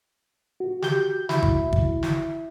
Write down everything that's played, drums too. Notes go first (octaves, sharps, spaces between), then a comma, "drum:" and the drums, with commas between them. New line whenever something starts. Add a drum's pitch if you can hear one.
F#4
G4 G6, drum: snare
E4, drum: snare
drum: kick
drum: kick
drum: snare